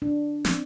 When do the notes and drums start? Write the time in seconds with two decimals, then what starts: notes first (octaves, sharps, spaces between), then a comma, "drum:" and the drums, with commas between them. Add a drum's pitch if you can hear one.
0.02 D4
0.45 C4, drum: snare